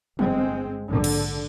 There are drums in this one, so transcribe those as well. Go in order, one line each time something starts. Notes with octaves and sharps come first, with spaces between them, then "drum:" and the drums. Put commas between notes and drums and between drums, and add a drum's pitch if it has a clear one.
G1 G2 G#3 C4, drum: tom E3
A#1 G#2 D3
drum: cymbal